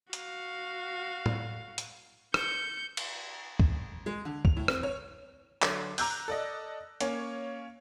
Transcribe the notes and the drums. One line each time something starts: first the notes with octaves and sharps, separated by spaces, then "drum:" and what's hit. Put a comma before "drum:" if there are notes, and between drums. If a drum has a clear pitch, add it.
F#4 F5, drum: hi-hat
drum: tom A2
drum: hi-hat
G6 C#7, drum: rim click
drum: cymbal
drum: kick
G#3
D3
F7, drum: kick
A2
C4, drum: rim click
C#5
D3 F#3 D6, drum: clap
A#5 D6 E6 F#6 G6, drum: open hi-hat
A4 D5 D#5
A#3 C#4 C#5, drum: hi-hat